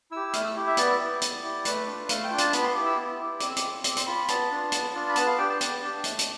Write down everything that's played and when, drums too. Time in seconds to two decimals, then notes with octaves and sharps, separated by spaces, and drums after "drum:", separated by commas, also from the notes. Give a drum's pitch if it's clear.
0.11 E4 G4 E6
0.33 A3 F6, drum: hi-hat
0.45 E6
0.56 E4 G4
0.67 E5
0.77 B3 D5, drum: hi-hat
0.99 E4 G4
1.21 B3, drum: hi-hat
1.43 E4 G4
1.65 A3 B4, drum: hi-hat
1.87 D4 F4
2.09 A3 F5, drum: hi-hat
2.24 G5
2.30 D4 F4
2.38 A5, drum: hi-hat
2.53 B3 B5, drum: hi-hat
2.64 C6
2.75 E4 G4 D6
2.85 E6
2.96 B3
3.19 E4 G4
3.40 C4 D6, drum: hi-hat
3.48 E6
3.56 D6, drum: hi-hat
3.63 F4
3.84 C4 D6, drum: hi-hat
3.97 C6, drum: hi-hat
4.07 F4 B5
4.28 B3 A5, drum: hi-hat
4.51 D4 F4
4.72 B3, drum: hi-hat
4.95 D4 F4
5.09 B5
5.16 B3 A5, drum: hi-hat
5.27 F5
5.38 D4 G4 G5
5.49 A5
5.61 B3, drum: hi-hat
5.83 D4 G4
6.04 A3, drum: hi-hat
6.19 drum: hi-hat